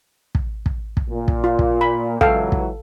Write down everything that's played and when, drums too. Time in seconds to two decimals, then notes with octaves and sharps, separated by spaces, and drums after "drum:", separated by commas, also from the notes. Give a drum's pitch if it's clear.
0.35 drum: kick
0.66 drum: kick
0.97 drum: kick
1.10 A#2
1.28 drum: kick
1.44 F4
1.59 drum: kick
1.81 B5
2.21 C#2 E3 F#3 A4 F5 G5, drum: kick
2.52 drum: kick